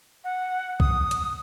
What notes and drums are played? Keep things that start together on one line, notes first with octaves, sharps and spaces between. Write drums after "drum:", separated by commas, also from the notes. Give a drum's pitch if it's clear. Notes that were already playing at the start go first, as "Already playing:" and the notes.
F#5
D#6, drum: kick
drum: hi-hat